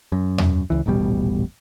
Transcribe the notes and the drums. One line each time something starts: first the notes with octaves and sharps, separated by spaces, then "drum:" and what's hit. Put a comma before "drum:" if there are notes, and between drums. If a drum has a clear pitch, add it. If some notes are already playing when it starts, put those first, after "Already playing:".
F#2
drum: tom E2
C#2 E3
D#1 A1 B2 G3